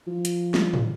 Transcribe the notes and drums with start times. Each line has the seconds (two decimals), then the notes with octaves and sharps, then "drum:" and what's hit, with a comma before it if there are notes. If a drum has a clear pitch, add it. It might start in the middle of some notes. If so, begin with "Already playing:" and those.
0.07 F3
0.25 drum: hi-hat
0.54 drum: snare
0.74 drum: tom